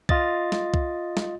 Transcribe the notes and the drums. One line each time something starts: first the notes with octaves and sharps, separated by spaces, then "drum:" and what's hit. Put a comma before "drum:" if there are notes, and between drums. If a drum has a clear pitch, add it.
F4 D#5 A6, drum: kick C2
drum: snare
drum: kick C2
drum: snare